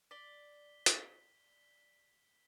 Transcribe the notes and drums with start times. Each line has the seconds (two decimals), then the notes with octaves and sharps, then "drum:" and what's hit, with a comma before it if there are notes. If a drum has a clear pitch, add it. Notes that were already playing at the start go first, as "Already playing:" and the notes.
0.11 D5 B6 G7
0.86 drum: hi-hat